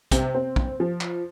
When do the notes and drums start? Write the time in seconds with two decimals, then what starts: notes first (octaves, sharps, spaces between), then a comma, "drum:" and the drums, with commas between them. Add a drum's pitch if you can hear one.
0.11 C3, drum: kick, hi-hat
0.35 C4
0.56 drum: kick
0.80 F3
1.01 drum: clap